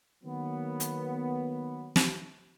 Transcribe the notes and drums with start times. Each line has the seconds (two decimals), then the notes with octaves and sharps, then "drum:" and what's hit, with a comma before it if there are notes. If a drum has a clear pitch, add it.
0.24 D#3 F#3 A#3 B3
0.80 drum: hi-hat
1.96 drum: snare